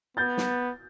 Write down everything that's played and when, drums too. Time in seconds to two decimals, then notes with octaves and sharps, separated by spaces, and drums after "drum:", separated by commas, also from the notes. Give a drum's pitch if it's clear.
0.17 B3 G6 A6
0.38 drum: snare